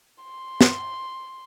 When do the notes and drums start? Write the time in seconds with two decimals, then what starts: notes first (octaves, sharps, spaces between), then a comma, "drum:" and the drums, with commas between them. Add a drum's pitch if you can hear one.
0.24 C6
0.61 drum: snare